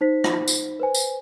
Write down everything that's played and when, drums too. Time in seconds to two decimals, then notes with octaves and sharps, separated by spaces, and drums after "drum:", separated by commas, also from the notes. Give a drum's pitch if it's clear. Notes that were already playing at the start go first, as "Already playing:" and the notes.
0.01 D#4 C5 B6
0.24 drum: rim click
0.48 drum: tambourine
0.80 B4 C5 G#5
0.94 drum: tambourine